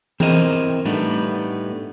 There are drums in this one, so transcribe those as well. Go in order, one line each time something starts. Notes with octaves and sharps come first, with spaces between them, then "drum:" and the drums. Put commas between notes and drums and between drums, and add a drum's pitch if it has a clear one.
C4 E4 A#4 C5 D#5, drum: tom E3
A2 G3 A3 B3 D4 D#4